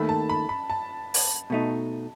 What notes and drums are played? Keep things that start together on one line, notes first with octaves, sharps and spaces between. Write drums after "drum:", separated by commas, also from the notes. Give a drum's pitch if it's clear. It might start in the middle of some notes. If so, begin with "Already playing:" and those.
Already playing: D#2 D#3 A3 B5
A5
B5
B5
A5
drum: open hi-hat
B2 A3 D#4